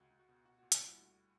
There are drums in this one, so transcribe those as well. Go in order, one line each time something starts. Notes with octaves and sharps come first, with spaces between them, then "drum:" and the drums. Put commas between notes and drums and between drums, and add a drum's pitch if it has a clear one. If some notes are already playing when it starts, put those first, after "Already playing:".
Already playing: C#2 F#4
C#2
F#4
B2
A#2 F#4
A#2 F#4
E4, drum: hi-hat
G3 F#4
D2